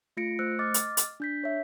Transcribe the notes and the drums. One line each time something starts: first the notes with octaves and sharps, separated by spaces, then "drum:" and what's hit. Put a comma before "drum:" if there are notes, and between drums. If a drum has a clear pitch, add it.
A3 F4 A#6 C#7 D7
A3 C5 E6 F#6 C#7
D#5 D6 F6 A6
drum: hi-hat
drum: hi-hat
D4 G6 B6
C#5 E5